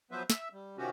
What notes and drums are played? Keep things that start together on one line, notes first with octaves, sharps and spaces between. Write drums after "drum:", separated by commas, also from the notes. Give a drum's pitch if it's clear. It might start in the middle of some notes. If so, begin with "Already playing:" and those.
F3 F#3 B3 B4 C5 E5
E5 E6, drum: snare
G3
C3 D#3 F3 C#4 F#4 G4